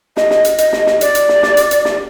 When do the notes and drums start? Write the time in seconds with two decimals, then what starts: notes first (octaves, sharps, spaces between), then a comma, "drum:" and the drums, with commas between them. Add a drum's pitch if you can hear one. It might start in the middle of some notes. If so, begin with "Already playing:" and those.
0.17 D#5, drum: snare
0.31 drum: snare
0.45 drum: hi-hat
0.58 D#5, drum: hi-hat
0.73 drum: snare
0.87 drum: snare
1.01 D5, drum: hi-hat
1.15 drum: hi-hat
1.29 drum: snare
1.43 drum: snare
1.57 drum: hi-hat
1.71 drum: hi-hat
1.85 drum: snare